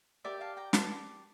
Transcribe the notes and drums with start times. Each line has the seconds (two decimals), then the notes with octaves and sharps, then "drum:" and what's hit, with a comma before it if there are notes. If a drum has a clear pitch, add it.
0.24 G4 A#4 D5 E5 G5
0.41 F5 A5
0.57 G5 A#5
0.73 A5 C6, drum: snare